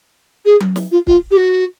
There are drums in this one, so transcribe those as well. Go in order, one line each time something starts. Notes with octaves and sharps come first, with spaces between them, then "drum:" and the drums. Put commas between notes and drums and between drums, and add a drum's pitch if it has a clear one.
G#4
drum: tom F#3
drum: snare
F4
F4, drum: kick
G4
F#4